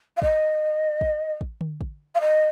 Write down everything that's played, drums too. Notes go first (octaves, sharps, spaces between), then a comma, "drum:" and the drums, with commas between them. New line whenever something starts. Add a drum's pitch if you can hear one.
F5
D#5, drum: kick A1
drum: kick A1
drum: kick A1
drum: tom D3
drum: kick A1
F5
D#5